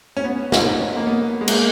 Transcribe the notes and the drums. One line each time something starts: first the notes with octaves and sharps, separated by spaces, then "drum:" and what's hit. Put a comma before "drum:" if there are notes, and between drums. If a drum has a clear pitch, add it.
C#4
B3
D#4, drum: snare
B3
C#4
A#3
B3
G#3
A#3, drum: cymbal